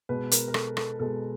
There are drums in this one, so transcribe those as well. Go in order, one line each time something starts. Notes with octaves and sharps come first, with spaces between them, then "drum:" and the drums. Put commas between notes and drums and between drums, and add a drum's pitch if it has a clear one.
B2 G#3 B4
A#4, drum: hi-hat
A#4
A4, drum: rim click
A4, drum: rim click
B2 G#3 A4